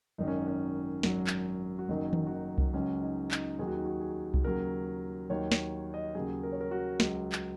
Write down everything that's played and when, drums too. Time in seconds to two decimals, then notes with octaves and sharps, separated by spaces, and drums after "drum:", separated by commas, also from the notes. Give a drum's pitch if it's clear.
0.18 G#1 F#2 D#3 D#4
0.28 C#4
0.48 C#4
1.03 G#1 F#2 F#3, drum: snare
1.27 drum: clap
1.79 F#4
1.88 F#1 F#2 D#3 F#3 D#4
2.13 drum: tom D#3
2.27 F#4
2.32 D#4
2.58 drum: kick C2
2.73 C#2 C#3 F#3 C#4
3.03 D#4
3.31 D#4, drum: clap
3.59 D#2 D#3 F#3 G#4
3.68 F#4
3.76 D#4
3.86 F#4
4.01 G#4
4.34 drum: kick C2
4.44 D#2 C#3 F#3 A#4
5.30 D#2 D#3 F#3 C#5
5.52 C#5, drum: snare
5.94 D#5
6.15 D#2 C#3 F#3 G#4
6.43 A#4
6.52 C#5
6.61 A#4
6.71 F#4
7.00 C#2 C#3 F#3, drum: snare
7.32 drum: clap